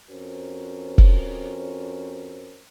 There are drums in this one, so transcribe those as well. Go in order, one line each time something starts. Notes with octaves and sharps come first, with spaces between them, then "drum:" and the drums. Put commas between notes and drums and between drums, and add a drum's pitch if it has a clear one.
F2 C#4 F#4 A#4 C5
drum: kick